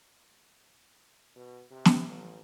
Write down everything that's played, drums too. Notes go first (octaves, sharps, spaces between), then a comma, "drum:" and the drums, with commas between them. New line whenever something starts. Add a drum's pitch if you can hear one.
B2
C3
drum: snare
A1